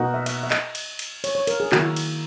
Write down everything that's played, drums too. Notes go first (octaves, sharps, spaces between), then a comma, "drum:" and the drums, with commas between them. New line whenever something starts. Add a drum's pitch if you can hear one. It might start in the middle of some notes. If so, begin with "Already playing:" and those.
Already playing: B2 A#3 D#4 F#4 A#4
E5
E5, drum: cymbal
E5
D#5, drum: clap
drum: cymbal
drum: cymbal
C#5, drum: cymbal
C#5
A#4, drum: cymbal
G#4
D#3 A#3 E4 F#4, drum: clap
drum: cymbal